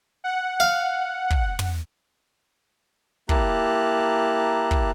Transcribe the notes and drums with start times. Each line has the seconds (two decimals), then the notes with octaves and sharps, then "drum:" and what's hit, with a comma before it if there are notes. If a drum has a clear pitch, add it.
0.24 F#5
0.60 F5
1.30 drum: kick
1.59 drum: tom
3.29 A#3 E4 G4 A5 A#5 F#6, drum: kick
4.71 drum: kick